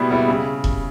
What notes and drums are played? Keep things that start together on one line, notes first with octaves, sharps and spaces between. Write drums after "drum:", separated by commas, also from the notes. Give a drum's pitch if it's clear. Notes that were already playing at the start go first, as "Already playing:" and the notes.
Already playing: B2 G3 B3 E4
G3 B3 E4
C#3
drum: kick E1